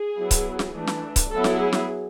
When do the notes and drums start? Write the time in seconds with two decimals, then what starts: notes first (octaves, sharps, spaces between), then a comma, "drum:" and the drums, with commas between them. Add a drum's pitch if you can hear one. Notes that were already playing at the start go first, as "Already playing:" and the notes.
Already playing: G#4
0.17 F#3 B3 E4
0.31 drum: kick C#1, hi-hat
0.59 drum: snare
0.73 E3 A3 D4
0.87 drum: snare
1.16 drum: kick C#1, hi-hat
1.30 F#3 B3 E4 A4
1.44 drum: snare
1.58 G#4
1.73 drum: snare